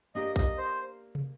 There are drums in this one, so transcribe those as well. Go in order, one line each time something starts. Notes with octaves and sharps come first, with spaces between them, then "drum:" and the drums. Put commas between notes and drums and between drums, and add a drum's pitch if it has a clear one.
A#3 D4 G4 A#4 D#5
D#5, drum: kick A#1
C5
drum: tom